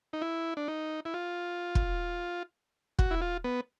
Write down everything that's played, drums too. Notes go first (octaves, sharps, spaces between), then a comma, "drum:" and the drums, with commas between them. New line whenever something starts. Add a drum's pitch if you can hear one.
D#4
E4
D4
D#4
E4
F4
drum: kick
F#4, drum: kick
E4
F4
B3